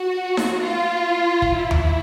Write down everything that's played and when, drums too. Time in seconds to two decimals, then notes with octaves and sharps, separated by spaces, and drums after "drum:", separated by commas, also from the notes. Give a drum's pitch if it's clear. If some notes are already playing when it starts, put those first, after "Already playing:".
Already playing: F#4
0.37 drum: snare D#4
0.62 F4
1.42 drum: kick
1.56 E4
1.71 drum: tom D#2